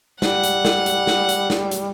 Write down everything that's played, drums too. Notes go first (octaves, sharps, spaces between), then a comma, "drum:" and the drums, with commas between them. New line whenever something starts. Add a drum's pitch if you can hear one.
G3 F#5, drum: snare
drum: hi-hat
drum: snare
drum: hi-hat
drum: snare
drum: hi-hat
drum: snare
drum: hi-hat